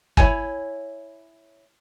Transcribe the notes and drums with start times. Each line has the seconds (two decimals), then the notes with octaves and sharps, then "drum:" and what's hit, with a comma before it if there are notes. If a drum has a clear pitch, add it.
0.17 E4 C#5 G#5, drum: kick